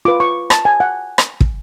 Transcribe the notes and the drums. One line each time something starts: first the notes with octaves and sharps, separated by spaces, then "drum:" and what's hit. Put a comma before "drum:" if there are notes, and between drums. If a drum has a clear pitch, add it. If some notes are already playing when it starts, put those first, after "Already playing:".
F4 B4 D6
C#6
A5, drum: rim click
G#5
F#5
drum: rim click
drum: kick